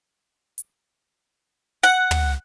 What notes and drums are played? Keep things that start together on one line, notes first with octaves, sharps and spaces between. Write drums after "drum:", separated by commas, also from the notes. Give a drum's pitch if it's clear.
drum: hi-hat
F#5
drum: tom